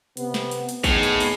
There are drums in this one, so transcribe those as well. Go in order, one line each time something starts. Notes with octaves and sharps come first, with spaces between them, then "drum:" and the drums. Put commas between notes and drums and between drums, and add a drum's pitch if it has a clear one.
C3 B3, drum: hi-hat
drum: snare
drum: hi-hat
drum: hi-hat
A2 B3 D#4 G#4, drum: kick, hi-hat
drum: hi-hat
drum: open hi-hat